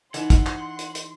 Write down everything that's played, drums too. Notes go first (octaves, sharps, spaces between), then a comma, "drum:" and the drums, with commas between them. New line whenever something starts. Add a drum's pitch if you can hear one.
E3 D#4 D#5 F#5 C6, drum: hi-hat
drum: kick, hi-hat
drum: clap
drum: hi-hat
drum: hi-hat